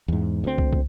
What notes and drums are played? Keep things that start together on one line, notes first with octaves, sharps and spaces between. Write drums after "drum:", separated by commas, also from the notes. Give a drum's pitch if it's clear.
E2 G#2
D2 C4
drum: kick
drum: kick